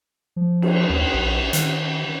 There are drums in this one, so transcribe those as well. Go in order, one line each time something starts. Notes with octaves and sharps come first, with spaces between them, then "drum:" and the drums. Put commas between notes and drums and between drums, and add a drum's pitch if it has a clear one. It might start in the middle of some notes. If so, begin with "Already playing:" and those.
F3
drum: cymbal
D#2
A#1
D#3, drum: hi-hat